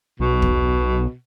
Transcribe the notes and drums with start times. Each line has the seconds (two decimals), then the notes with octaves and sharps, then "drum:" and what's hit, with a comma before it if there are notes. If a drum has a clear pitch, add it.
0.20 B1 B2
0.42 drum: kick